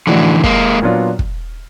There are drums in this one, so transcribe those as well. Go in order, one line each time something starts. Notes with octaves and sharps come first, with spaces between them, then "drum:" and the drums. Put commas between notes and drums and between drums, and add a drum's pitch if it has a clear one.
A2 D3 E3 F3 A3 D4 F#4
G#3 A#3, drum: kick
A#2 F#3 B3 D4 F4
drum: kick